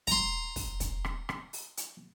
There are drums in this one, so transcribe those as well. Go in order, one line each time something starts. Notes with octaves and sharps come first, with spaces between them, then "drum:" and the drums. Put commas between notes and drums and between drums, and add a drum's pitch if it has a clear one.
A#5 C6, drum: kick, hi-hat
drum: kick, open hi-hat
drum: kick, hi-hat
drum: rim click
drum: rim click
drum: open hi-hat
drum: hi-hat